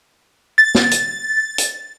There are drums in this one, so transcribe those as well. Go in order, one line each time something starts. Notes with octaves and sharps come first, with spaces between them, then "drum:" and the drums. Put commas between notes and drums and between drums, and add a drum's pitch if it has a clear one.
A6
drum: snare
drum: hi-hat
drum: hi-hat